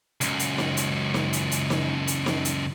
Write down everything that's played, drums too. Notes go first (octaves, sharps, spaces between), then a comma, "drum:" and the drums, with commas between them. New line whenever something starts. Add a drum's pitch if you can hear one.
C#2 F#2, drum: hi-hat
drum: hi-hat
drum: snare
drum: hi-hat
drum: snare
drum: hi-hat
drum: hi-hat
drum: snare
drum: hi-hat
drum: snare
drum: hi-hat